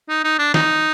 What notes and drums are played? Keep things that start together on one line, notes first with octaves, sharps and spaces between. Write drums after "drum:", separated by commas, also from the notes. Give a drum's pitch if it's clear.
D#4
D#4
D4
D#4, drum: snare